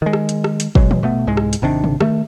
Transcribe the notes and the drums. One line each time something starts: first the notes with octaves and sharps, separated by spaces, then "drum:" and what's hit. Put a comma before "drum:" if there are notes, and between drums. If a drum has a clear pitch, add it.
D#3 G#3
drum: rim click
drum: hi-hat
drum: rim click
drum: hi-hat
B2 F#3 G#3, drum: kick
drum: tom D#3
B2 A3 B3
C2 G#2 G#3
drum: rim click
drum: hi-hat
G#1 C3 D#3 D4
drum: tom C3
D#3 A3, drum: rim click